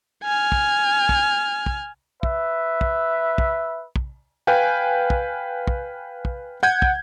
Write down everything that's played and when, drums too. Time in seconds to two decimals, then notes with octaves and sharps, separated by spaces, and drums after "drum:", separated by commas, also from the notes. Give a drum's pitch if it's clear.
0.23 G#5 F6
0.52 drum: kick
1.09 drum: kick
1.66 drum: kick
2.23 B4 E5, drum: kick
2.81 drum: kick
3.38 drum: kick
3.96 drum: kick
4.47 B4 F5 G5 G#5
5.10 drum: kick
5.67 drum: kick
6.25 drum: kick
6.63 F#5 G6 G#6
6.82 drum: kick